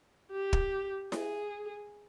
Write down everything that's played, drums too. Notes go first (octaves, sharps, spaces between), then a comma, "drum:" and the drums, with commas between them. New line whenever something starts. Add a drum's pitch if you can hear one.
G4
drum: kick
G#4, drum: snare E4